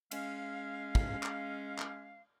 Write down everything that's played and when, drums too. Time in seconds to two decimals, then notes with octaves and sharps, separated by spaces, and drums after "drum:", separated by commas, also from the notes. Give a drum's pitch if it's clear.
0.11 G#3 C#4 F5, drum: cymbal
0.95 drum: kick
1.23 drum: clap
1.79 drum: clap